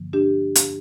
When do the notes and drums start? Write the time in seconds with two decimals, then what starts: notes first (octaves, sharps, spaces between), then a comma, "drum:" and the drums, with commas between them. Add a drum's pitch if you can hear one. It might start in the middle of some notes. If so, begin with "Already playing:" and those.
Already playing: G2 D3 F3 A#3
0.13 D4 G4
0.55 drum: hi-hat